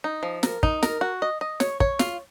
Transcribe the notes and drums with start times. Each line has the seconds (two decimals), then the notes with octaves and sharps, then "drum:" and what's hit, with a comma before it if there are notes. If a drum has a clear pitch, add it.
0.04 D#4
0.23 F3
0.43 A#4, drum: snare
0.63 D#4, drum: kick
0.83 A#4, drum: snare
1.01 F#4
1.22 D#5
1.41 D#5
1.60 C#5, drum: snare
1.80 C#5, drum: kick
1.99 F4, drum: snare